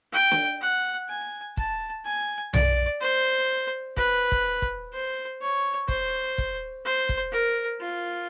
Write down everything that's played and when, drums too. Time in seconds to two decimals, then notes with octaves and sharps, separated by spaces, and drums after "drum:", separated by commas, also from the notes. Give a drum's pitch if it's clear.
0.13 G5
0.31 drum: snare
0.61 F#5
1.09 G#5
1.57 A5, drum: kick
2.06 G#5
2.54 D5, drum: tom B1
3.01 C5
3.97 B4, drum: kick
4.32 drum: kick
4.62 drum: kick
4.93 C5
5.41 C#5
5.88 C5, drum: kick
6.38 drum: kick
6.85 C5
7.09 drum: kick
7.32 A#4
7.81 F4